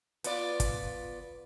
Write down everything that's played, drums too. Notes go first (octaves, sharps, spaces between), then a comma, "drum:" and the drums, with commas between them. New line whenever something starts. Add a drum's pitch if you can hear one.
B3 F4 D5, drum: hi-hat
drum: kick, hi-hat